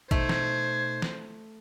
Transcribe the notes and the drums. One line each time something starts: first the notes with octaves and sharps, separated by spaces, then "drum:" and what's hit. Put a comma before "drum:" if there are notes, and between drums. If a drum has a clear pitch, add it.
B2 A3 D#4 C5 G#6, drum: kick A1
drum: snare
drum: snare